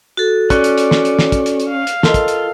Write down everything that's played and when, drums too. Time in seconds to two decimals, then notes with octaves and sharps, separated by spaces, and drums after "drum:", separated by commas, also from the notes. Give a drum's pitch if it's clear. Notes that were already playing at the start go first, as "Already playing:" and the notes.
0.17 F#4 A4
0.50 C#4 D5 F#6, drum: kick, hi-hat
0.64 drum: hi-hat
0.78 drum: hi-hat
0.91 drum: snare
1.05 drum: hi-hat
1.19 drum: snare
1.32 drum: kick, hi-hat
1.46 drum: hi-hat
1.60 drum: hi-hat
1.69 F5
1.87 drum: hi-hat
2.03 F4 A4 A#4 D#5, drum: snare
2.14 drum: kick, hi-hat
2.28 drum: hi-hat